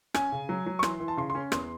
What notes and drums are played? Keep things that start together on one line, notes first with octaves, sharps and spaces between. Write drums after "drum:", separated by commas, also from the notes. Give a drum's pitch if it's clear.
C#4 G#5, drum: rim click
C#3
F#3
F#3
C#6
E3 C6, drum: rim click
E3
A5
C#3 C6
C6
C#4
E2 C6, drum: rim click